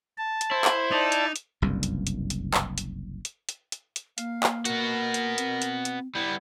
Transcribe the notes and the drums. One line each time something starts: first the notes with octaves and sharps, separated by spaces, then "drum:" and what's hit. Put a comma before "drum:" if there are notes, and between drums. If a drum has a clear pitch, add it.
A5
drum: hi-hat
E4 C5
drum: clap
D#4 D5 A5
drum: hi-hat
drum: hi-hat
F#1 C2 G2
drum: hi-hat
drum: hi-hat
drum: hi-hat
drum: clap
drum: hi-hat
drum: hi-hat
drum: hi-hat
drum: hi-hat
drum: hi-hat
A#3 F5, drum: hi-hat
drum: clap
B3 F#4 A#4, drum: hi-hat
drum: hi-hat
C4, drum: hi-hat
drum: hi-hat
drum: hi-hat
G3 B3 E4